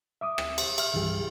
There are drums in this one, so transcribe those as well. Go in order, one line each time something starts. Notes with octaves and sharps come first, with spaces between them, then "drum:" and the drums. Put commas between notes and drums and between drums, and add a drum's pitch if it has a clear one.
E5 D6 D#6
drum: rim click
drum: cymbal
E5 F6, drum: cymbal
C2 G2 E3 G4 G#4